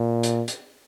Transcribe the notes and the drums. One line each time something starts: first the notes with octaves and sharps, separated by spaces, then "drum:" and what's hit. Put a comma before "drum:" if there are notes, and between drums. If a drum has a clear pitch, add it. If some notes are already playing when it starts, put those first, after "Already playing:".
Already playing: A#2
drum: hi-hat
drum: hi-hat